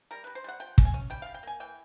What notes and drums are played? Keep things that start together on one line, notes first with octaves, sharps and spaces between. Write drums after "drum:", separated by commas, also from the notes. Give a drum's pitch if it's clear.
G3 A#4
G3 B4
C5
G3 F#5
F3 G5
C#4, drum: kick
G#5
C#4
G3 G5
G3 F5
G5
A#3 G#5
E3 G5